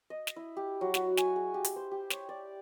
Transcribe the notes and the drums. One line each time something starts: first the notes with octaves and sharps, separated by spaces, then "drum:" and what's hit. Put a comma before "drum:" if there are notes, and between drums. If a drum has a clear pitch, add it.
D#5
drum: snare
E4
G4
F#3
F#4, drum: snare
G#5, drum: snare
G#4
G4
drum: hi-hat
C5
G4
C#5, drum: snare
D5